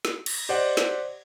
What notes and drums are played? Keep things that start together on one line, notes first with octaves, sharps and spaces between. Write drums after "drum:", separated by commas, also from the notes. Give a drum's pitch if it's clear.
drum: snare
drum: cymbal
G4 C5 D5 D#5 F#5
drum: snare